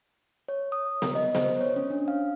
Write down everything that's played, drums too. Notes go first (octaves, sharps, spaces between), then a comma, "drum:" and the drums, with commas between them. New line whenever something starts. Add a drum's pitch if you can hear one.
C#5
D#6
A#4, drum: snare B3
D#5
C5, drum: snare B3
C#5
C#4
D4
F5